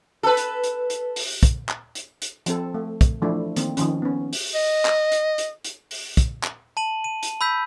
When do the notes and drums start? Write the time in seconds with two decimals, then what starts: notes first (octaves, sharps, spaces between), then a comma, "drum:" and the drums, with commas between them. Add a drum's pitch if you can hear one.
0.23 A4 B4
0.37 drum: hi-hat
0.64 drum: hi-hat
0.90 drum: hi-hat
1.16 drum: open hi-hat
1.43 drum: kick, hi-hat
1.69 drum: clap
1.95 drum: hi-hat
2.22 drum: hi-hat
2.46 F3 C4 A4, drum: hi-hat
2.74 A3
3.01 drum: kick, hi-hat
3.22 E3 F3 A3 D4 E4
3.56 D#3 A#3 C4, drum: hi-hat
3.77 D#3 F3 C#4, drum: hi-hat
4.02 B3 C#4
4.33 drum: open hi-hat
4.55 D#5
4.85 drum: clap
5.12 drum: hi-hat
5.38 drum: hi-hat
5.65 drum: hi-hat
5.91 drum: open hi-hat
6.17 drum: kick, hi-hat
6.44 drum: clap
6.77 A5 D#7 F#7
7.04 D#7
7.23 drum: hi-hat
7.41 B5 E6 G6 B6